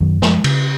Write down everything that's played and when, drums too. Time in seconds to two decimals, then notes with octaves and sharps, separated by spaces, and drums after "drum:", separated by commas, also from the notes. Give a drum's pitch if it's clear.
0.01 F#2 D#3 F#3
0.22 F3 G#3, drum: snare
0.44 C#3, drum: cymbal